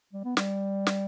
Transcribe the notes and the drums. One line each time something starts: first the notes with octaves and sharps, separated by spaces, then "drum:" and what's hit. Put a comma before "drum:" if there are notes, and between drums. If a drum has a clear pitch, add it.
G3
B3
G3, drum: snare
drum: snare